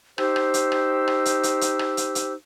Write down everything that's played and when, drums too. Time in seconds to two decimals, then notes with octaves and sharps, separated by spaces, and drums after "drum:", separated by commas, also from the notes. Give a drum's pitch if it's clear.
0.18 D#4 G4 C5 E6, drum: rim click
0.36 drum: rim click
0.54 drum: hi-hat
0.72 drum: rim click
1.08 drum: rim click
1.25 drum: hi-hat
1.43 drum: hi-hat
1.61 drum: hi-hat
1.79 drum: rim click
1.97 drum: hi-hat
2.15 drum: hi-hat